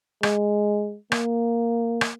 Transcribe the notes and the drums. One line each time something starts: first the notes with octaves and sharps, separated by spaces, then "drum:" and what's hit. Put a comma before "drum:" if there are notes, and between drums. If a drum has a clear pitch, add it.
G#3, drum: rim click
A#3, drum: rim click
drum: rim click